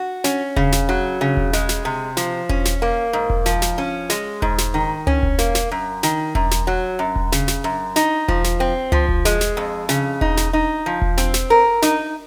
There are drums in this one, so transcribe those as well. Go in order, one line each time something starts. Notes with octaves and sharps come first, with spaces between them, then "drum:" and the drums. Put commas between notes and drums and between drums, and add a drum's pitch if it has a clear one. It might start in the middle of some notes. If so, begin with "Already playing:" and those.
Already playing: F#4
C#4, drum: snare
C#3, drum: kick E1
drum: snare
F#3
C#3
drum: kick E1
G#3, drum: snare
drum: snare
C3
F3, drum: snare
C#4, drum: kick E1
drum: snare
A#3
G#2
drum: kick E1
F3, drum: snare
drum: snare
C#4
G#3, drum: snare
G#2, drum: kick E1
drum: snare
D#3
C#4, drum: tom C#2
drum: kick E1
A#3, drum: snare
drum: snare
F#2
D#3, drum: snare
F#2, drum: kick E1
drum: snare
F#3
F#2
drum: kick E1
C#3, drum: snare
drum: snare
F#2
D#4, drum: snare
F3, drum: kick E1
drum: snare
C4
F3, drum: tom C#2
drum: kick E1
G#3, drum: snare
drum: snare
F2
C#3, drum: snare
D#4, drum: kick E1
drum: snare
D#4
F3
drum: kick E1
C4, drum: snare
drum: snare
A#4
D#4, drum: snare